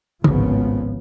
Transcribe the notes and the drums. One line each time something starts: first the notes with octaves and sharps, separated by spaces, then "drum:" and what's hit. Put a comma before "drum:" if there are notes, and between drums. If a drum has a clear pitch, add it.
G#1 C#2 A2 C#3 F3 B3, drum: tom